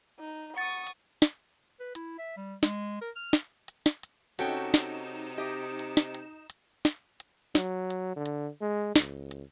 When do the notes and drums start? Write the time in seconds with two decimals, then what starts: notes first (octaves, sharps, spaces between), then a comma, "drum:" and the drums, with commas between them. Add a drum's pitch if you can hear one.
0.19 D#4
0.57 F#5 C#6 D#6 A6
0.87 drum: hi-hat
1.22 drum: snare
1.80 B4
1.95 E4, drum: hi-hat
2.19 E5
2.37 G3
2.63 G#3, drum: snare
3.02 A#4
3.16 F6
3.33 drum: snare
3.68 drum: hi-hat
3.86 drum: snare
4.03 drum: hi-hat
4.39 C3 C#4 D#4 F#4 A4 G5 E7, drum: hi-hat
4.74 drum: snare
5.38 G4 D#5
5.79 drum: hi-hat
5.97 drum: snare
6.15 drum: hi-hat
6.50 drum: hi-hat
6.85 drum: snare
7.20 drum: hi-hat
7.55 F#3, drum: snare
7.90 drum: hi-hat
8.16 D3
8.26 drum: hi-hat
8.61 G#3
8.96 C#2, drum: snare
9.31 drum: hi-hat